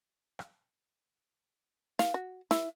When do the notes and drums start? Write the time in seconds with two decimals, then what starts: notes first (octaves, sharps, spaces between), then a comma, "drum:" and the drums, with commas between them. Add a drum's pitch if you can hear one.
0.39 drum: rim click
1.99 F5, drum: snare
2.14 F#4
2.51 E4, drum: snare